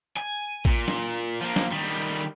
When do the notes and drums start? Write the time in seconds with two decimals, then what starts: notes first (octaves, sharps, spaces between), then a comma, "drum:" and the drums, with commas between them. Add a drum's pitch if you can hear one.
0.17 G#5
0.65 A#2, drum: kick, hi-hat
0.88 drum: snare
1.11 drum: hi-hat
1.41 F3 A#3
1.56 drum: snare
1.72 D#3 G3
2.02 drum: hi-hat